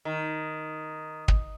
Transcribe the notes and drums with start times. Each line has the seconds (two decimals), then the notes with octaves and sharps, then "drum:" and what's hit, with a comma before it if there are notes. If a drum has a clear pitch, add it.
0.05 D#3
1.28 drum: kick